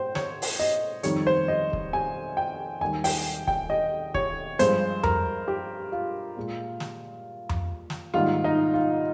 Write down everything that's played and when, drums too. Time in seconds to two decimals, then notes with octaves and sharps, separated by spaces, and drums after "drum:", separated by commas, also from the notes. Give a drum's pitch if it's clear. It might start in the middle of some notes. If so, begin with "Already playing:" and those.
Already playing: G#2 C5 G5
0.15 C#5, drum: snare
0.42 drum: open hi-hat
0.59 D#5
1.03 F2 D#3 G3 C#5, drum: hi-hat
1.27 C5
1.48 D#5
1.73 drum: kick
1.93 G#5
2.37 G5
2.81 D#2 D#3 G3 G#5
3.04 G5, drum: open hi-hat
3.47 G5, drum: kick
3.70 D#5
4.14 C#5, drum: kick
4.59 G2 F3 G#3 C5, drum: hi-hat
5.03 A#4, drum: tom F2
5.48 G4
5.92 F4
6.37 A#2 G#3
6.80 drum: snare
7.49 drum: tom F2
7.90 drum: snare
8.14 G#2 D#3 G3 A#3 F4
8.44 D#4
8.74 F4